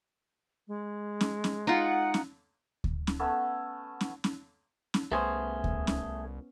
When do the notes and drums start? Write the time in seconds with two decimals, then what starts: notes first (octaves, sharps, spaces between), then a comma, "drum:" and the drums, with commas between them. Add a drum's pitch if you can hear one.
0.68 G#3
1.21 drum: snare
1.44 drum: snare
1.67 D#4 F4 F#5
2.14 drum: snare
2.84 drum: kick D2
3.07 drum: snare
3.19 A3 B3 C#4 A4
4.01 drum: snare
4.24 drum: snare
4.94 drum: snare
5.12 C2 A3 B3 C#4 G#4 C5
5.64 drum: kick D2
5.87 drum: snare